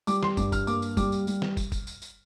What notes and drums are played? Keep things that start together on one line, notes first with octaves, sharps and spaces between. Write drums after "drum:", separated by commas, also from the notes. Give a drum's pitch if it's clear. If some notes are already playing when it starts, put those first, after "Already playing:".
G3 D6, drum: tambourine
C6, drum: snare
G2 D6, drum: kick, tambourine
F6, drum: kick, tambourine
A#3 D6, drum: tambourine
drum: tambourine
G3 D6, drum: kick, tambourine
drum: tambourine
G3, drum: tambourine
drum: snare
drum: kick, tambourine
drum: kick, tambourine
drum: tambourine
drum: tambourine